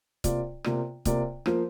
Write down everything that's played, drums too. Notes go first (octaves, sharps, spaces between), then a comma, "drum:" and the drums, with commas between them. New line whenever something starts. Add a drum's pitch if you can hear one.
C3 A#3 F4 D5, drum: kick C#1, hi-hat
C3 A#3 F4 D5, drum: rim click
C3 A#3 F4 D5, drum: kick C#1, hi-hat
F3 A#3 F4 C5, drum: rim click